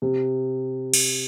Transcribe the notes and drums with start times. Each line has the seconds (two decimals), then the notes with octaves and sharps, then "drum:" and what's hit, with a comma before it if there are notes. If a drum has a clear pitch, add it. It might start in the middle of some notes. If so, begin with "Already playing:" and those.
0.02 C3
0.94 drum: cymbal